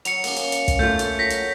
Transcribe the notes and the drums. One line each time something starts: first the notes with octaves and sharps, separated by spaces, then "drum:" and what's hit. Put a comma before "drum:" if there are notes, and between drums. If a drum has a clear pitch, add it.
F#3 C#7 F7, drum: hi-hat
A#3 C#4, drum: open hi-hat
drum: hi-hat
drum: hi-hat
drum: kick, hi-hat
A3 F4 C#5 G6
drum: hi-hat
F#3 A#6 B6
drum: hi-hat